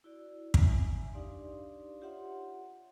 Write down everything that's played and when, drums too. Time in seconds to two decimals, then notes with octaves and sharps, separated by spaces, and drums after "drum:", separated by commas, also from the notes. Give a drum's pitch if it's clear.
0.04 E4 F#4 D5
0.54 E5 G#5, drum: kick
1.13 D4 D#4 G4 D5 F5 C6
2.01 F4 G4 C#5 E5 F#5 C6